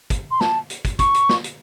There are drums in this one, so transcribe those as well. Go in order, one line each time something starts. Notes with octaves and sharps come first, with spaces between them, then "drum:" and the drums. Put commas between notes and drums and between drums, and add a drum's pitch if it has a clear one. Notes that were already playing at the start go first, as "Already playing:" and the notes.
drum: kick, hi-hat
C6
A5, drum: snare
drum: hi-hat
drum: kick, hi-hat
C#6, drum: kick, hi-hat
drum: hi-hat
drum: snare
drum: hi-hat